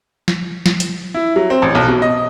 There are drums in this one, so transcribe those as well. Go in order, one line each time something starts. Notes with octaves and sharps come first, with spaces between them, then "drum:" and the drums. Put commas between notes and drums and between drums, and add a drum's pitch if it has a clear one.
drum: snare
drum: snare
drum: hi-hat
E4
F#3
C4
A1
B1
B2
D#5